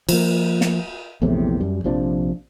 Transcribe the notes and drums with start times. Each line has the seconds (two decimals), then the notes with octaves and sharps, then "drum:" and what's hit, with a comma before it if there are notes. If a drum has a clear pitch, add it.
0.09 F3 A#3, drum: cymbal
0.61 drum: snare
1.22 A#1 E2 A2 C3
1.60 F#2 G3
1.84 A#1 C3 F3 D4